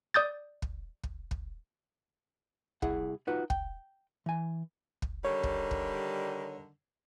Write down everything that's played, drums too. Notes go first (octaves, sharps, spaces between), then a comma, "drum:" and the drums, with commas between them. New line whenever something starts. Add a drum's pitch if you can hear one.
D5 D#6 G6 A6
drum: kick
drum: kick
drum: kick
C2 E4 G#4 F#5, drum: kick
D#4 F4 F#4 B4
G5, drum: kick
E3 G#5
drum: kick
D3 D#3 G3 C#5
drum: kick
drum: kick